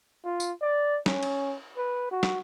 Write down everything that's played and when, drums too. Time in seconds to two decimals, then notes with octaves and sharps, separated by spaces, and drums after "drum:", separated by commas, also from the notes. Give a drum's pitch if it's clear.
0.25 F4
0.40 drum: tambourine
0.62 D5
1.06 C#4, drum: snare
1.23 drum: cymbal
1.77 B4
2.11 F#4
2.23 drum: snare